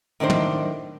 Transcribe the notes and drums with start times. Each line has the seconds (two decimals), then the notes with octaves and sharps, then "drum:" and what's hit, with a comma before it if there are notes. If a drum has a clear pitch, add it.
0.20 A2 D#3 D4 C5
0.30 drum: tom